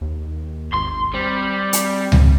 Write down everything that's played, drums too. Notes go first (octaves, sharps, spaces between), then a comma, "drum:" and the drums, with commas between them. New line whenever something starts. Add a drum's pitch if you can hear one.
D#2
G#1 C6
G3 C4
drum: hi-hat
drum: tom C#2